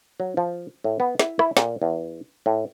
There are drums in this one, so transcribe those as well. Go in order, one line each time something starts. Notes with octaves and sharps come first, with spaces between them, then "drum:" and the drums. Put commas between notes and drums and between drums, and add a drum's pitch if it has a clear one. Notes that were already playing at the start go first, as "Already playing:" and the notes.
F#3
F3
A2
B3
E4, drum: snare
E4, drum: rim click
A#2, drum: snare
E2
A2